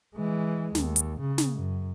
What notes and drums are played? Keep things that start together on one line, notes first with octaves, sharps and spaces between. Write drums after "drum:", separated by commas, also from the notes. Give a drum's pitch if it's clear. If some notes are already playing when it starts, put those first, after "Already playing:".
E3 G#3
D#2, drum: snare
drum: hi-hat
C#3
drum: snare
F#2